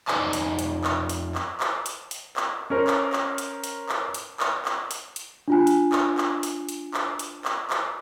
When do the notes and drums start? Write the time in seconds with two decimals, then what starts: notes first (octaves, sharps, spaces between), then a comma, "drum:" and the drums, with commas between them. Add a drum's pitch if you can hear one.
0.08 F2 D#4 C5 D5 G#5 A5, drum: clap
0.33 drum: hi-hat
0.59 drum: hi-hat
0.84 drum: clap
1.09 drum: hi-hat
1.35 drum: clap
1.60 drum: clap
1.86 drum: hi-hat
2.11 drum: hi-hat
2.37 drum: clap
2.70 C#4 A#4 C5
2.87 drum: clap
3.13 drum: clap
3.38 drum: hi-hat
3.64 drum: hi-hat
3.89 drum: clap
4.14 drum: hi-hat
4.40 drum: clap
4.65 drum: clap
4.91 drum: hi-hat
5.16 drum: hi-hat
5.48 D4 F4 G#5
5.67 drum: hi-hat
5.92 drum: clap
6.18 drum: clap
6.43 drum: hi-hat
6.69 drum: hi-hat
6.94 drum: clap
7.19 drum: hi-hat
7.45 drum: clap
7.70 drum: clap